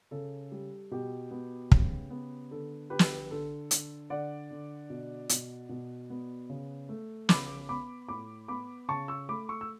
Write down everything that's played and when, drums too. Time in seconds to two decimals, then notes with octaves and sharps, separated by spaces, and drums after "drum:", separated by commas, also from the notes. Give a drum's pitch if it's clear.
0.11 C#3 A4
0.52 G3
0.91 B2 G4
1.31 B3
1.72 C#3, drum: kick
2.10 B3
2.51 D3 A4
2.90 D3 G4 B4
2.99 drum: snare
3.31 D3 A4
3.71 D3, drum: hi-hat
4.10 D3 D5 F#5
4.51 D3
4.90 B2
5.29 B2, drum: hi-hat
5.69 B2
6.10 B3
6.50 C#3
6.89 A3
7.29 C#3 B5 D6, drum: snare
7.69 B3 B5 D6
8.09 A2 B5 D6
8.48 B3 B5 D6
8.88 C#3 A5 C#6
9.08 C#6 E6
9.29 A3 B5 D6
9.49 C#6 E6
9.61 E6